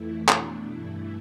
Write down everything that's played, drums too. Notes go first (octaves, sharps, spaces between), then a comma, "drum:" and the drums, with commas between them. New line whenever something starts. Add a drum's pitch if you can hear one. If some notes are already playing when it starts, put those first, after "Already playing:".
Already playing: F2 E3 A3 E4
B2 A3 D4, drum: clap
G2 E3 A3 E4